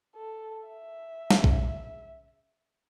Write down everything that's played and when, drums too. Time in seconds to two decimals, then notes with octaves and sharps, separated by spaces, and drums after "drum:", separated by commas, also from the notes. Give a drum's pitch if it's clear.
0.16 A4
0.67 E5
1.31 C#3, drum: snare
1.44 drum: kick A#1